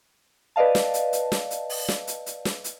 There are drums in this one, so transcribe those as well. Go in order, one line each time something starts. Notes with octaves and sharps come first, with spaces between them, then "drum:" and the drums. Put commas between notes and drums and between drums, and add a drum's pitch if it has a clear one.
B4 D5 D#5 F5 A5
drum: snare
drum: hi-hat
drum: hi-hat
drum: snare
drum: hi-hat
drum: open hi-hat
drum: snare
drum: hi-hat
drum: hi-hat
drum: snare
drum: hi-hat